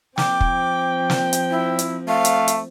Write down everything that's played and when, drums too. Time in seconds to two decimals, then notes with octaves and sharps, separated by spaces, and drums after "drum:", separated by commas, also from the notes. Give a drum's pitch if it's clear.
0.18 F3 C4 G5 D6, drum: snare
0.41 drum: kick
1.10 drum: snare
1.33 drum: hi-hat
1.51 E4
1.79 drum: hi-hat
2.08 A3 F5
2.25 drum: hi-hat
2.48 drum: hi-hat